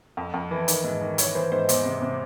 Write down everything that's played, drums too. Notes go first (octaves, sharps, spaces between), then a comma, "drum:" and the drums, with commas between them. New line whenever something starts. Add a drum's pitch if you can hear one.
F2
F2
E3
D#3, drum: hi-hat
G#2
D#3
E3 C#5, drum: hi-hat
E3 C5
G#2 C5
E2 C5, drum: hi-hat
C3
C3